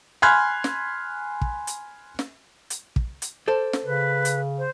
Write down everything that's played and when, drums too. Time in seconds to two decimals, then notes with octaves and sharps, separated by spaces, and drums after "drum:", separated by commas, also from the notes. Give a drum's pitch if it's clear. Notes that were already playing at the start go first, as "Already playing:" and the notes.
0.22 G#5 B5 C6 F6 F#6 G#6
0.64 drum: snare
1.41 drum: kick
1.67 drum: hi-hat
2.19 drum: snare
2.70 drum: hi-hat
2.96 drum: kick
3.22 drum: hi-hat
3.48 A4 C5 D5
3.73 drum: snare
3.84 C#3 B4
4.25 drum: hi-hat
4.58 C5